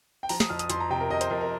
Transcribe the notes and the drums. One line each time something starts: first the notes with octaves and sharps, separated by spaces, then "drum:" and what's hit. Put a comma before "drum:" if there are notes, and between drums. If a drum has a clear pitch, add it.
G5
F3 A#5, drum: open hi-hat
D#6, drum: snare
F2 F6
D#6, drum: hi-hat
F2 C6, drum: hi-hat
A#5
C3 G5
A#4
C3 D#5
C5, drum: hi-hat
F2 A#4
A#4